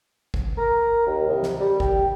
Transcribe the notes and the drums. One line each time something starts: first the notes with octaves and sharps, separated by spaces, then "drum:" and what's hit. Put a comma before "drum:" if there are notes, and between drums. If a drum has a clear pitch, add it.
drum: kick
A#4
D#2
C2
drum: snare
G3
G4, drum: kick